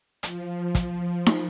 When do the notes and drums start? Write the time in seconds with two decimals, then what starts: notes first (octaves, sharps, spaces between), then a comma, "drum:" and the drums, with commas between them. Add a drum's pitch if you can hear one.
0.23 F3, drum: hi-hat
0.75 drum: kick, hi-hat
1.26 drum: snare D#4